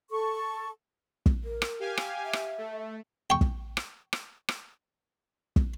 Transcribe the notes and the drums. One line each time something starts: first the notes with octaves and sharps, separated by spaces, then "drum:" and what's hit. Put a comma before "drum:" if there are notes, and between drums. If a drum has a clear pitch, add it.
A4 C#6
drum: kick
A#4
drum: rim click
G4 F5 G#5
drum: rim click
E5
drum: rim click
A3
G5 C#6
drum: kick
drum: rim click
drum: rim click
drum: rim click
drum: kick